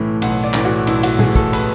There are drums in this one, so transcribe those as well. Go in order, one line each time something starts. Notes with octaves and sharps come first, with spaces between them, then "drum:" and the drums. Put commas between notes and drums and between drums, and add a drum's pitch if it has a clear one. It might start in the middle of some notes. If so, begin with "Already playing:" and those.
Already playing: B1 A2 E3 A3 E5
B1 F#5, drum: cymbal
D5
A2 E3 A3, drum: clap
F#4
B1 E4, drum: cymbal
F#4, drum: cymbal
A2 E3 A3 G#4, drum: tom
A4, drum: kick
B4, drum: cymbal